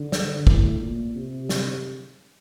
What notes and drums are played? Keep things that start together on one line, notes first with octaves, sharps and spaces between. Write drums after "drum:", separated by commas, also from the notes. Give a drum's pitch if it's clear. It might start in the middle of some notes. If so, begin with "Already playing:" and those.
Already playing: D3
drum: snare
A2, drum: kick
A#2
C3
drum: snare